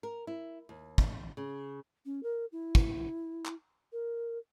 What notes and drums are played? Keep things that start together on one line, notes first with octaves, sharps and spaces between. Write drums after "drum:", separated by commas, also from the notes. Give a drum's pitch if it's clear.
A#4
E4
D#2
drum: kick
C#3
C#4
A#4
E4
drum: kick
drum: clap
A#4